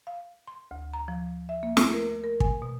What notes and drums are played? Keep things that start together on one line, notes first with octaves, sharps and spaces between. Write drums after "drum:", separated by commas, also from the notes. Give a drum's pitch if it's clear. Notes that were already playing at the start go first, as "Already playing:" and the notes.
F5
C6
D2
A#5
F3
E5
A#3
A3, drum: snare
A#4
A#4
G#5, drum: kick
B2